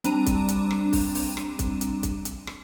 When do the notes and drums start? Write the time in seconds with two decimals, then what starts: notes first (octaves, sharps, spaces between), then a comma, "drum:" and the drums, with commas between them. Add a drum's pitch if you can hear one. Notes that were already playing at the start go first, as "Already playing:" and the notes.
0.04 G3 C4 D4 A#5 D#7, drum: hi-hat
0.26 drum: kick, hi-hat
0.48 drum: hi-hat
0.71 drum: rim click
0.93 drum: kick, open hi-hat
1.15 drum: open hi-hat
1.37 drum: rim click
1.59 drum: kick, hi-hat
1.81 drum: hi-hat
2.03 drum: kick, hi-hat
2.25 drum: hi-hat
2.47 drum: rim click